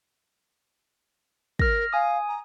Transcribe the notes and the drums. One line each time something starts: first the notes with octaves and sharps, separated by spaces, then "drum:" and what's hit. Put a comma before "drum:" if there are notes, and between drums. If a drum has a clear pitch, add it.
A#4 F6 A#6, drum: kick
F5 G#5 D#6
A#5